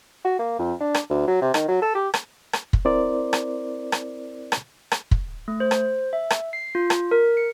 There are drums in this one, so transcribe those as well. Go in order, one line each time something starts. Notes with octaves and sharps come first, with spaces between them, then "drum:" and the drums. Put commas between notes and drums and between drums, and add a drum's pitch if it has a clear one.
F#4
A#3
F2
D4
drum: rim click
D2
F#3
C3
D#3, drum: rim click
F#3
A4
G4
drum: rim click
drum: rim click
drum: kick
C4 E4 A#4 C5 D5
drum: rim click
drum: rim click
drum: rim click
drum: rim click
drum: kick
A3
C5
drum: rim click
E5
drum: rim click
C7
F4
drum: rim click
A#4
C#7